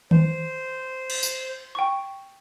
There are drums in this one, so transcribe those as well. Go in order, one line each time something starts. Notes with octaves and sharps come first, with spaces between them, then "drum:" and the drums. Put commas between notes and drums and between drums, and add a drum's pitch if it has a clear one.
C5, drum: tom D#3
drum: cymbal
drum: tambourine
G5 C#6